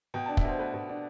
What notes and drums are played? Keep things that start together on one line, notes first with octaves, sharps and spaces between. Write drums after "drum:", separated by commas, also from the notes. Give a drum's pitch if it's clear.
B2 G5
D4 A5
E5, drum: kick
B2 C5
A3 B4
B2
D4